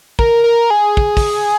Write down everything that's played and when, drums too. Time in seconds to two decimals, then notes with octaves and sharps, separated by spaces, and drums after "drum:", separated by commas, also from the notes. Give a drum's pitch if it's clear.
0.19 A#4, drum: kick
0.44 A#4
0.70 G#4
0.97 drum: kick
1.17 drum: kick, open hi-hat